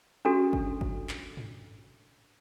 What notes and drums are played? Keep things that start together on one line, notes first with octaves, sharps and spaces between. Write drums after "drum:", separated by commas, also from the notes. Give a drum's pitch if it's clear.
C#4 D4 F#4 A4
drum: kick G1
drum: kick G1
drum: clap
drum: tom